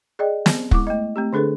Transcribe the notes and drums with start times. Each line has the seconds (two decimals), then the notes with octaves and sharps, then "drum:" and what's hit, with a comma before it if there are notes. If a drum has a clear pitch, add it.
0.19 G#4 D5 D#5 G5
0.46 B3, drum: snare
0.71 G#3 E4 D6, drum: kick
0.87 A3 D#5
1.16 A3 C4 G4
1.33 D3 D4 G#4 A4 B4